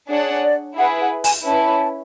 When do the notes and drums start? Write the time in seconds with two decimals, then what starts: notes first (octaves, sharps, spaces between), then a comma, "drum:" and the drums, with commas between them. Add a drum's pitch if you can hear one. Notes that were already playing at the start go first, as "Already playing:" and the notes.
0.09 D4 G#4 C#5 D5 F#5
0.44 D5
0.77 E4 G#4 B4 F#5
1.01 F#5
1.24 G#5, drum: open hi-hat
1.46 C#4 E4 B4 A5